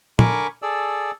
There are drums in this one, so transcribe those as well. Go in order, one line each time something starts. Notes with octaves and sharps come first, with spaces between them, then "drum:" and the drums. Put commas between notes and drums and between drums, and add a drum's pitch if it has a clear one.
D3 A#4 G#5 B5 C#6 D6, drum: tom A#2
G#4 A4 D5 E6